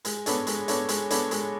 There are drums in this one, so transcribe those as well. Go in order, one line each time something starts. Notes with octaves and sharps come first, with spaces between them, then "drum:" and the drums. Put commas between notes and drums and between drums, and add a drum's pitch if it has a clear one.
G#3, drum: hi-hat
B3 D4 A4 C#5, drum: hi-hat
G#3, drum: hi-hat
B3 D4 A4 C#5, drum: hi-hat
G#3, drum: hi-hat
B3 D4 A4 C#5, drum: hi-hat
G#3, drum: hi-hat